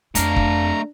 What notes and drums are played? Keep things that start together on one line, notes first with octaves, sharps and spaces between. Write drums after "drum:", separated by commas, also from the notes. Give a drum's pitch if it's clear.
F2 A3 C4 D4 F5 A#5, drum: hi-hat
drum: kick